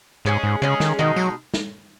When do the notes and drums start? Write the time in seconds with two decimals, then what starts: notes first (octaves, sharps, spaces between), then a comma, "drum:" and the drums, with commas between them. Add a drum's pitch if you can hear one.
0.25 G#2 G#3 C#4 G#4
0.43 G#2
0.62 C#3 G#3 C#4 G#4
0.80 D#3, drum: snare
0.99 B2 D#3 G#3 D#4
1.16 F#3, drum: tambourine
1.54 drum: snare